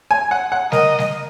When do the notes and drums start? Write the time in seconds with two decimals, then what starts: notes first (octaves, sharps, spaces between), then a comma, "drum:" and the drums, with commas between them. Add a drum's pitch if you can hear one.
0.11 G#5
0.31 F#5
0.52 F#5
0.72 A#4 D#5, drum: snare G3
0.99 drum: snare G3